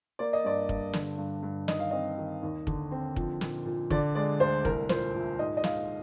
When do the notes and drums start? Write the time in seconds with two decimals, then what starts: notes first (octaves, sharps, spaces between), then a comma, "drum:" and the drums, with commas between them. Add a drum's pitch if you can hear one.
0.19 A#3 D5
0.33 D#5
0.45 G2 D5
0.69 G2, drum: kick
0.93 D3, drum: snare
1.18 G2
1.43 G2
1.68 D#3 D#5, drum: snare
1.79 F5
1.91 C4 D#5
2.18 D#3
2.43 D#2
2.67 D3, drum: kick
2.92 C4
3.16 F3, drum: kick
3.41 A#2, drum: snare
3.65 A#2
3.90 D3 D5, drum: kick
4.15 G#3 D5
4.40 D2 C5
4.65 C2 A#4, drum: kick
4.89 A#2 C5, drum: snare
5.15 A#2
5.39 G#2 D#5
5.57 D#5
5.64 G#2 F5, drum: snare